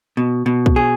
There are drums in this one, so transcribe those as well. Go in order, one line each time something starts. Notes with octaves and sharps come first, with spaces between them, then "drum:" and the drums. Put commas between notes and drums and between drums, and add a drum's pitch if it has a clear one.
B2
B2
drum: kick
G#4